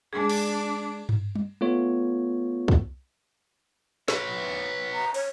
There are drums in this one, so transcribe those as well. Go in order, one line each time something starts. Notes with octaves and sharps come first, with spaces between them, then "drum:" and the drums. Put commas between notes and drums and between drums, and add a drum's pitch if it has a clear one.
G#3 D4 G#4
drum: cymbal
drum: tom G2
drum: tom G3
A3 B3 F4 C#5
drum: kick
B4 C#5, drum: snare
A#5
C#5, drum: open hi-hat